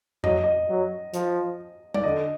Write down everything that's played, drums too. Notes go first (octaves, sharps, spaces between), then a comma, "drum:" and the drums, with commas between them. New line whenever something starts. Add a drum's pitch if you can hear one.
F#3 D#5, drum: tom F2
D#5
F#3
F3, drum: hi-hat
D5, drum: tom G3
D3 D#5